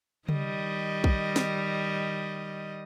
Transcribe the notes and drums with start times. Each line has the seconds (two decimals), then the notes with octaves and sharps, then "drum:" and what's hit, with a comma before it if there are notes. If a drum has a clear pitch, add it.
0.29 D#3 G3 D#5, drum: tom C#3
1.04 drum: kick
1.36 drum: snare